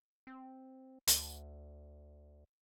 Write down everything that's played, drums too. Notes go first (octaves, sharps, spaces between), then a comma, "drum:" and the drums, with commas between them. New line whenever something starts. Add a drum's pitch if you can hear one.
C4
D2, drum: hi-hat